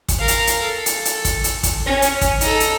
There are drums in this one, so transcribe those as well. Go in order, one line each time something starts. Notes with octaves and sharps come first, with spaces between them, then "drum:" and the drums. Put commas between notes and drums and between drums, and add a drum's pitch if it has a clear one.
drum: kick, hi-hat
A#4 F5
drum: hi-hat
drum: hi-hat
A4
drum: hi-hat
drum: hi-hat
drum: kick, hi-hat
drum: hi-hat
drum: kick, hi-hat
C#4
drum: hi-hat
drum: kick, hi-hat
D#4 A4, drum: hi-hat
drum: hi-hat